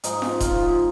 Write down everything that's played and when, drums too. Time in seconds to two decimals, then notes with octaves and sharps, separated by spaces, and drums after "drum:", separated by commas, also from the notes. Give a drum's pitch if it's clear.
0.04 G#2 F3 G#3 D#4, drum: hi-hat
0.22 drum: snare F4
0.40 F4, drum: kick D#1, hi-hat